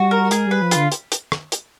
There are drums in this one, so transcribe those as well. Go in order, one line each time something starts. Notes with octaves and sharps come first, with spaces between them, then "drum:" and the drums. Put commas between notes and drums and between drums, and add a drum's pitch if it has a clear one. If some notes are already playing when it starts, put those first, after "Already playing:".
Already playing: G3 F#4
A#4
G#3 G#4, drum: hi-hat
G3 B4
F3
D3 F4, drum: hi-hat
drum: hi-hat
drum: hi-hat
drum: rim click
drum: hi-hat